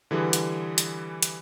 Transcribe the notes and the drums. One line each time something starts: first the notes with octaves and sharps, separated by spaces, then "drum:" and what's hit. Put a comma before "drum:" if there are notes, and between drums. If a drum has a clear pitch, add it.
D3 E3 G3 G#4
drum: hi-hat
drum: hi-hat
drum: hi-hat